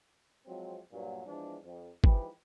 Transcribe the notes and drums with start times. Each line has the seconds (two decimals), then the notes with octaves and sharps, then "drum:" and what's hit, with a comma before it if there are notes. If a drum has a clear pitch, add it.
0.47 F3 F#3 G#3 C4
0.91 G2 A#2 F#3
1.26 E2 F3 G#3 D4
1.63 F2
2.04 E3 F3 G#3 D#4 G4 B4, drum: kick